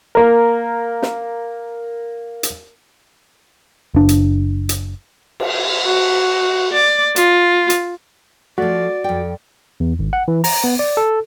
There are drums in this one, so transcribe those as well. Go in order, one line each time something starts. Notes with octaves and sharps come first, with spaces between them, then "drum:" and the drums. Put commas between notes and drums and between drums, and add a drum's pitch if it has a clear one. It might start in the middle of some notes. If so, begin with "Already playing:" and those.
A#3 A#4
drum: snare
drum: hi-hat
F#1 D4
drum: hi-hat
drum: hi-hat
drum: cymbal
F#4
D5
F4, drum: hi-hat
drum: hi-hat
F3 A3 F#4 D5
F2 G5
E2
G#1
F#5
E3
A#5, drum: open hi-hat
B3
D5
A4